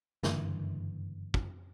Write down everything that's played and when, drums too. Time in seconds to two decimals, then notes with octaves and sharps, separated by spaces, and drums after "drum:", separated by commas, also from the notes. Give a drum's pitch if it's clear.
0.23 F#1 G2 D3 E3, drum: snare
1.34 drum: kick